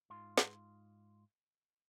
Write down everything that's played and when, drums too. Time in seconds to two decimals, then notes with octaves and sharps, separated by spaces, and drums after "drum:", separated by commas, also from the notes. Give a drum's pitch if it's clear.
0.10 G#2 F4 C6
0.38 drum: snare